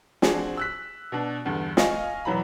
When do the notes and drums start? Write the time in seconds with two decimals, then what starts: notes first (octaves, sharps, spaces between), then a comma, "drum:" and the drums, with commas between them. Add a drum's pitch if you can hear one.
0.22 F3 C4 D4 F#4 G#4, drum: snare
0.57 E6 F#6 B6
1.12 B2 D4
1.46 E2 G2 D3
1.77 D#5 F5 G#5 C#6, drum: snare
2.25 E1 E3 F#3 A#5 B5